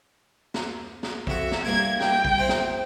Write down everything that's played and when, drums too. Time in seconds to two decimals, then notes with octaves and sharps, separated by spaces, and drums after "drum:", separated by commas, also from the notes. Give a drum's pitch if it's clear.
0.54 drum: snare
1.03 drum: snare
1.27 F2 F#4 E5, drum: kick
1.52 drum: snare
1.65 G2 A#3 E4 G#6
2.00 G5, drum: snare
2.25 drum: kick
2.38 C4 E4
2.49 drum: snare